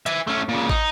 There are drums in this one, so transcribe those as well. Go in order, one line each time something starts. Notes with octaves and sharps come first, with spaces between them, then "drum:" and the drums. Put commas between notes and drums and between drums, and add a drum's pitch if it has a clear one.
E5 G#5, drum: hi-hat
A3 C#4
A#2 C#3
D#4, drum: kick